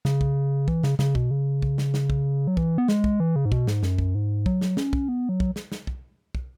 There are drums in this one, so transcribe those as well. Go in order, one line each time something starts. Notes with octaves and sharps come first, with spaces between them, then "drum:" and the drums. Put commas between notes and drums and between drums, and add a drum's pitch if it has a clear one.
C#3, drum: snare
drum: kick
E3, drum: kick
C#3, drum: snare
C#3, drum: snare
B2, drum: kick
C#3
drum: kick
drum: snare
drum: snare
drum: kick
F#3
E3, drum: kick
B3
G#3, drum: snare
drum: kick
E3
C#3
G#2
B2, drum: kick
G#2, drum: snare
F#2, drum: snare
drum: kick
G#2
F#3, drum: kick
drum: snare
C#4, drum: snare
drum: kick
B3
F#3
drum: kick
drum: snare
drum: snare
drum: kick
drum: kick